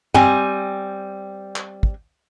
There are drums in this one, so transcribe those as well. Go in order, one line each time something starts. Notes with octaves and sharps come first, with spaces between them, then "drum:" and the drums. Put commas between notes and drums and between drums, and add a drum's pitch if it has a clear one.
G3 C4 G#5, drum: tom G2
drum: clap
drum: kick